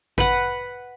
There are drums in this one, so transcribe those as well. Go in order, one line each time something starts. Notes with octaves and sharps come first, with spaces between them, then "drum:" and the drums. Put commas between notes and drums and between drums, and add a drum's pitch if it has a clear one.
B4 F#5, drum: kick A1